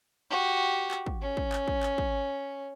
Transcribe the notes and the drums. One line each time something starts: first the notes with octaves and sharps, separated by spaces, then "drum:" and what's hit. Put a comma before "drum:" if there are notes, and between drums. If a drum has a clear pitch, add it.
F#4 G4
drum: clap
drum: kick
C#4
drum: kick
drum: clap
drum: kick
drum: clap
drum: kick